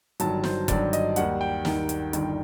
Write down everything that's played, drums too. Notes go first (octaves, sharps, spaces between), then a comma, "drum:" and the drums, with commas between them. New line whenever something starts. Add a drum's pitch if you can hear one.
G1 G2 D#3 F#3 A5, drum: hi-hat
C5, drum: snare
G1 G2 D#3 F#3 D5, drum: kick F1, hi-hat
D#5, drum: hi-hat
D#2 D#3 G3 F#5, drum: hi-hat
G5
D#2 D#3 G3, drum: snare
drum: hi-hat
G1 G2 D#3, drum: hi-hat